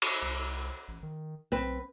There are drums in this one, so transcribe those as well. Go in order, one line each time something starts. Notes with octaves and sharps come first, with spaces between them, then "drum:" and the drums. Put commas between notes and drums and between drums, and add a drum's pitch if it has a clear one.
drum: cymbal
C2
A1
D#3
B1 C4 B4